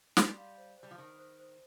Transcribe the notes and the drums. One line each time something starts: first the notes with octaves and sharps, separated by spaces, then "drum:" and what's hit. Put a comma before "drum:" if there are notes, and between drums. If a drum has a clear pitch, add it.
G3 C6, drum: snare
F5
C5
G3 C5
F3
D#3 C5
C5
C5